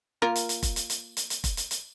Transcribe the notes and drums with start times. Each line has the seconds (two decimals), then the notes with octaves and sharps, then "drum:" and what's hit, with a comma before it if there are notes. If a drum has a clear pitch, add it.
0.22 A#3 F4 A#4
0.36 drum: hi-hat
0.49 drum: hi-hat
0.63 drum: kick F1, hi-hat
0.76 drum: hi-hat
0.90 drum: hi-hat
1.17 drum: hi-hat
1.30 drum: hi-hat
1.44 drum: kick F1, hi-hat
1.57 drum: hi-hat
1.71 drum: hi-hat